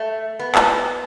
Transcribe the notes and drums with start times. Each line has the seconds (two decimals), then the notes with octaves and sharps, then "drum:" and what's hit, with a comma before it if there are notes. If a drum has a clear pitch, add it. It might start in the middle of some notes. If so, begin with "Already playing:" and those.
Already playing: A3
0.39 B3
0.55 drum: clap